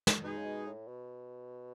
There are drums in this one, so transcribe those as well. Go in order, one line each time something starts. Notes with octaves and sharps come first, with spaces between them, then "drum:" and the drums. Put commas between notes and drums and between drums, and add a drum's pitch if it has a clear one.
drum: snare
B2 G#3 D#4 G#4
C#3
B2
A2
B2